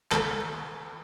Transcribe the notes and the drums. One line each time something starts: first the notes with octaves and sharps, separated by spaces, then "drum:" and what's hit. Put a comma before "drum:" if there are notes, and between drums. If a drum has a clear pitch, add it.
A4, drum: clap